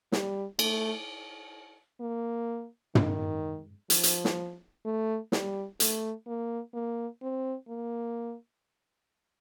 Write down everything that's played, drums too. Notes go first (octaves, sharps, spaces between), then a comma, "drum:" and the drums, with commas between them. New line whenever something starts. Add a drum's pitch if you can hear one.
G3, drum: snare
A3, drum: cymbal
A#3
D#3, drum: tom
F3, drum: hi-hat
drum: hi-hat
drum: snare
A3
G3, drum: snare
A3, drum: hi-hat
A#3
A#3
C4
A#3